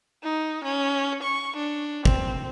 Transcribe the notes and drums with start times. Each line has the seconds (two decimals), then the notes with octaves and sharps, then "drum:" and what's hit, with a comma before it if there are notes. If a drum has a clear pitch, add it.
0.23 D#4
0.64 C#4
1.23 C#6
1.57 D4
2.05 C4, drum: kick G#1